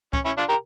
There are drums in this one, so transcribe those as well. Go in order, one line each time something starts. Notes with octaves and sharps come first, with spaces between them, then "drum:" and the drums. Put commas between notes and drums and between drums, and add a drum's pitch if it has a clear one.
C#4, drum: kick C#2
C#4 E4
D4 F4
G4 A#4